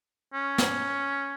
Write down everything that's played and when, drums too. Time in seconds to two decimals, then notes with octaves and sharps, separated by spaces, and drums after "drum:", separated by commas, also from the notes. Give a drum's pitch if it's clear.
0.34 C#4
0.58 drum: snare